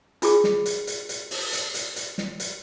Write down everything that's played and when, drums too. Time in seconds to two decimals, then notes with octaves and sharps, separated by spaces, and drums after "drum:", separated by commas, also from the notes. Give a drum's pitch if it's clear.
0.22 D4 F4 G#4 D6, drum: hi-hat
0.44 drum: snare
0.66 drum: hi-hat
0.87 drum: hi-hat
1.09 drum: hi-hat
1.31 drum: open hi-hat
1.53 drum: hi-hat
1.74 drum: hi-hat
1.96 drum: hi-hat
2.18 drum: snare
2.40 drum: hi-hat